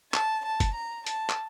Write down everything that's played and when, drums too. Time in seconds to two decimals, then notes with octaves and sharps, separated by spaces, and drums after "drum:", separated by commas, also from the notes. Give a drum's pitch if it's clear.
0.14 A5, drum: clap
0.46 A5
0.60 drum: kick, hi-hat
0.76 A#5
1.07 A5, drum: hi-hat
1.30 drum: clap